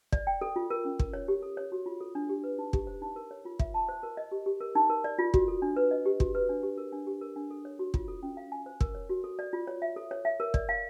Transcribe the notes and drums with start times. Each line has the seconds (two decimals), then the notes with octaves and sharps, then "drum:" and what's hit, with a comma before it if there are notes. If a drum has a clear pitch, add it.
0.12 D5, drum: kick
0.27 G5
0.41 A4
0.56 F4
0.70 A#4
0.85 C#4
0.99 A#4, drum: kick
1.13 C#5
1.28 G4
1.42 A4
1.57 C#5
1.72 F#4
1.86 F4
2.01 A4
2.15 D4
2.29 G4
2.44 B4
2.58 D#4
2.73 G4, drum: kick
2.87 C5
3.02 D#4
3.16 A#4
3.31 C#5
3.45 F4
3.59 E5, drum: kick
3.74 A5
3.89 C5
4.03 A#4
4.17 D#5
4.32 G4
4.46 G4
4.61 A#4
4.75 D#4
4.90 A#4
5.04 D5
5.19 F4
5.34 F#4, drum: kick
5.48 A4
5.62 D4
5.76 B4
5.91 D#5
6.06 G4
6.20 F#4, drum: kick
6.35 B4
6.49 D4
6.63 G4
6.78 A#4
6.92 D4
7.07 G4
7.21 A#4
7.36 D4
7.51 A4
7.65 C#5
7.79 F#4
7.94 F4, drum: kick
8.08 A4
8.23 C#4
8.37 F5
8.52 G#5
8.66 C5
8.80 A#4, drum: kick
8.95 C#5
9.09 F#4
9.24 A4
9.39 D5
9.53 F4
9.67 C#5
9.82 E5
9.96 A4
10.11 C#5
10.25 E5
10.40 A#4
10.54 D5, drum: kick
10.69 F5